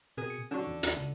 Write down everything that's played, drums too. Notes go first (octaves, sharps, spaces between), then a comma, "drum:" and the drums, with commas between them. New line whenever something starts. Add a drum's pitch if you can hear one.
B2 C4 G#4 A#4
C#7
D3 F#3 C#4 D#4 F#4
E2
D#2, drum: hi-hat
C#2